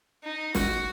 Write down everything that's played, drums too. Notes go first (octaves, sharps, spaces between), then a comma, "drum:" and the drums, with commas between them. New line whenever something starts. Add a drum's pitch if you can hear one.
D#4
F#4, drum: snare